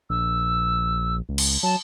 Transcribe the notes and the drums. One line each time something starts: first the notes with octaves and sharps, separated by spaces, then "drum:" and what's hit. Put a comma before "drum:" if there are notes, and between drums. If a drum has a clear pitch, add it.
A#1 E6
C#2
drum: cymbal
F#3 A5